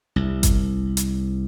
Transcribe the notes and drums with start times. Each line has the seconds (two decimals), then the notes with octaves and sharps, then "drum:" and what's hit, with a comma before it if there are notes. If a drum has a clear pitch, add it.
0.16 C2
0.43 drum: kick G1, hi-hat
0.97 drum: hi-hat